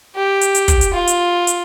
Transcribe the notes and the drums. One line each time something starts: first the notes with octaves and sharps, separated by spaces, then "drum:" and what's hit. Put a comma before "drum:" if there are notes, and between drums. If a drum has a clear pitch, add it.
G4
drum: hi-hat
drum: hi-hat
drum: kick, hi-hat
drum: hi-hat
F4
drum: hi-hat
drum: hi-hat